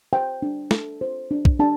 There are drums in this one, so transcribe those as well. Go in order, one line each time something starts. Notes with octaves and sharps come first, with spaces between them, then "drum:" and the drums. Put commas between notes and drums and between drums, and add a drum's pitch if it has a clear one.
C5 G5
D4
A4, drum: snare
C5
D4
drum: kick
D4 A5